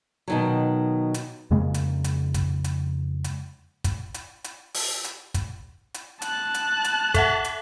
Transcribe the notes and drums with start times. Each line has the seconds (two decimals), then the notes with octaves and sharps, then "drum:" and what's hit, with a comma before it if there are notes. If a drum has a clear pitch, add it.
0.28 B2 D#3 F#3
1.14 drum: hi-hat
1.51 F2 C#3 G#3 A#3
1.74 drum: hi-hat
2.04 drum: hi-hat
2.34 drum: kick, hi-hat
2.64 drum: hi-hat
3.24 drum: hi-hat
3.84 drum: kick, hi-hat
4.14 drum: hi-hat
4.44 drum: hi-hat
4.74 drum: open hi-hat
5.04 drum: hi-hat
5.34 drum: kick, hi-hat
5.94 drum: hi-hat
6.22 A5 F#6, drum: hi-hat
6.54 drum: hi-hat
6.84 drum: hi-hat
7.14 A4 E5 F#5, drum: kick, hi-hat
7.44 drum: hi-hat